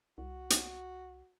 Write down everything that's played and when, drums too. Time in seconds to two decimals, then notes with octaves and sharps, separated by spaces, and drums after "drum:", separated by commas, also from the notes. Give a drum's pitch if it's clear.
0.18 C2 F#4
0.50 drum: hi-hat